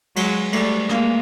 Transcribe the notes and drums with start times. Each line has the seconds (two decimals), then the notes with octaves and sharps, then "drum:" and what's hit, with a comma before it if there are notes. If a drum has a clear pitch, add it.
0.16 F#3 G#3, drum: cymbal
0.53 G3 A3, drum: cymbal
0.89 G#3 A#3, drum: snare